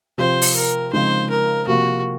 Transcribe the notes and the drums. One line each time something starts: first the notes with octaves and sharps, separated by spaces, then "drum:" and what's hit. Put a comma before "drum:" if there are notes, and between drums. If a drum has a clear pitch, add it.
C3 F3 C4 F4 C5
drum: open hi-hat
A#4
C#3 F3 G#3 C4 D#4 C5
A#4
C3 F3 A#3 F#4